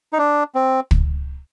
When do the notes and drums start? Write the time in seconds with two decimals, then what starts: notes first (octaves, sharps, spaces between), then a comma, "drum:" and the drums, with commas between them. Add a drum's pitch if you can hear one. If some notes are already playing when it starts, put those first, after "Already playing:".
0.13 D#4
0.18 D4
0.55 C4
0.91 drum: kick